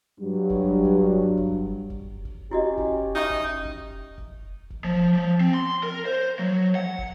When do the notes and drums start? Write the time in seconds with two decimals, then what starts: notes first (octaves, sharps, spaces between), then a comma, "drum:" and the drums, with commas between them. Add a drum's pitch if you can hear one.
0.21 G2 F#3
0.50 drum: kick
0.85 drum: kick
1.37 drum: kick
1.90 drum: kick
2.25 drum: kick
2.51 C#4 E4 F#4 G4 D#5
2.78 drum: kick
3.15 D#4 E5 C#6
3.30 drum: kick
3.65 drum: kick
4.18 drum: kick
4.70 drum: kick
4.84 F3
5.14 F3
5.41 C4
5.54 C6
5.83 A#4
6.05 C5
6.39 F#3
6.75 F#5
6.98 drum: kick